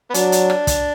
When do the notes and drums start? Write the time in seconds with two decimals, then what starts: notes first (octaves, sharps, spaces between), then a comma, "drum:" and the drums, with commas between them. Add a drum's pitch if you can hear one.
0.10 B3
0.14 F#3 D4, drum: hi-hat
0.32 drum: hi-hat
0.50 drum: rim click
0.67 drum: kick, hi-hat